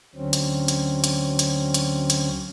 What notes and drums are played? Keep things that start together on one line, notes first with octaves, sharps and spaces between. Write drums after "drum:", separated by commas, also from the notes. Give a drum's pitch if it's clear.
D2 D3 F#3 C4 C#4
drum: hi-hat
drum: hi-hat
drum: hi-hat
drum: hi-hat
drum: hi-hat
drum: hi-hat